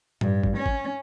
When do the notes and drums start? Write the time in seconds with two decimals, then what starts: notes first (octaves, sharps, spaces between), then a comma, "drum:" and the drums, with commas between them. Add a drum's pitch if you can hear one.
0.21 G2, drum: tom A2
0.44 drum: kick
0.57 C#4
0.66 drum: kick